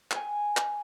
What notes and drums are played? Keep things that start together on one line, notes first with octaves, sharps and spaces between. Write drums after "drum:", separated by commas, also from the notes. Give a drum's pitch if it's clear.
G5 G#5, drum: clap
drum: clap